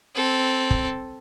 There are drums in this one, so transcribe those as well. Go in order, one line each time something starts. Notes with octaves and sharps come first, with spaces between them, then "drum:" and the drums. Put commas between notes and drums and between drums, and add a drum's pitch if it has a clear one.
C4 A4
drum: kick